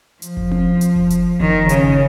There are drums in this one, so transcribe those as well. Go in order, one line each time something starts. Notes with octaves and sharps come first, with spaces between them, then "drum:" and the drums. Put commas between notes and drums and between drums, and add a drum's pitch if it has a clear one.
F3, drum: hi-hat
drum: kick F#1
drum: tom C4
drum: hi-hat
drum: kick F#1
drum: hi-hat
D#3, drum: kick F#1
C#3, drum: hi-hat
drum: kick F#1